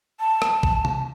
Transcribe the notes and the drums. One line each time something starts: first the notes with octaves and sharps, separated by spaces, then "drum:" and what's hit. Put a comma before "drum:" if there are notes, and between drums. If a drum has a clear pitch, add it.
A5
drum: rim click
drum: kick
drum: tom C3